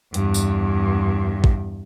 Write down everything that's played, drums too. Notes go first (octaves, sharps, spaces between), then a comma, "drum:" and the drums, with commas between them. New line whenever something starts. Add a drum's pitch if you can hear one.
E2 G2, drum: hi-hat
drum: tambourine
drum: kick A1